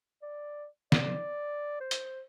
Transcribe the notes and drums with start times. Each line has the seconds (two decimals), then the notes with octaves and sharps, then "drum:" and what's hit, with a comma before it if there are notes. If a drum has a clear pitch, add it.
0.22 D5
0.92 D5, drum: snare
1.81 C5
1.91 drum: hi-hat